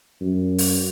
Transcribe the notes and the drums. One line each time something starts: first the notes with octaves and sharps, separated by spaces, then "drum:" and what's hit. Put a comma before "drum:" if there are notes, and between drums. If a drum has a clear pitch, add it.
F#2
drum: open hi-hat